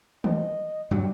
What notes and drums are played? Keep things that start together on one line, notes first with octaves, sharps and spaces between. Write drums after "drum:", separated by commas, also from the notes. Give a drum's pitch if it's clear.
D#5, drum: tom D#3
G2 F#3 G3